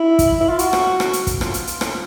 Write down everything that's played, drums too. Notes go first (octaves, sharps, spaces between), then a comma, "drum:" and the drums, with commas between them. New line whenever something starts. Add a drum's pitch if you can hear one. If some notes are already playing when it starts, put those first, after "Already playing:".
Already playing: E4
drum: kick, hi-hat
E4
F4
F#4, drum: hi-hat
drum: rim click
drum: rim click
drum: hi-hat
drum: kick, hi-hat
F4, drum: rim click
drum: hi-hat
drum: hi-hat
drum: rim click